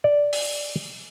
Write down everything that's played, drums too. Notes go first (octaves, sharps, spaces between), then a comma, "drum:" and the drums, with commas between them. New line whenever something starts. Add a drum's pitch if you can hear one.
D5
drum: open hi-hat